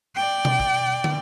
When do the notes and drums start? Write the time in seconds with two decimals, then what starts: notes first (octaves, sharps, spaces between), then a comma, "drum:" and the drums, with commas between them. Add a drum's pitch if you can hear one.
0.15 D5 G5
0.45 drum: tom B2
0.60 drum: kick
1.04 drum: tom